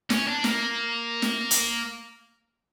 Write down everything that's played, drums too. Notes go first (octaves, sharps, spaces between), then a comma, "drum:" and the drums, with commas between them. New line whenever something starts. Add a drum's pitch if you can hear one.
C#4, drum: snare
D4
A#3, drum: snare
drum: snare
drum: hi-hat